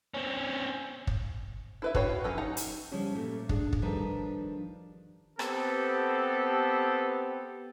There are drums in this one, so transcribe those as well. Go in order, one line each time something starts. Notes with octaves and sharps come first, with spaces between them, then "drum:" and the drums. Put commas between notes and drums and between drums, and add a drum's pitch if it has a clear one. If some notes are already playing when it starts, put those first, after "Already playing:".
C4 C#4
drum: kick
E4 B4 E5
F#4 B4 C#5 F5 G5, drum: kick
F#3 C#4 G4 G#5 A#5
D#4 F#5 A#5
drum: hi-hat
C#3 F3 G3 C#4
A#2 A3
D4 G#4, drum: kick
drum: kick
D#3 F3 G3 D4 A4 B4
B3 C4 G4 A4, drum: rim click